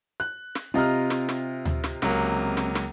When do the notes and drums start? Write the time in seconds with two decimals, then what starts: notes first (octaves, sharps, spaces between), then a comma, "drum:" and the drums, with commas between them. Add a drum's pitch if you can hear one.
0.20 F#6
0.55 drum: snare
0.74 C3 F4 D#5 A#5 F6
1.10 drum: snare
1.29 drum: snare
1.65 drum: tom D2
1.84 drum: snare
2.02 C#2 F#3 A#3, drum: snare
2.57 drum: snare
2.75 drum: snare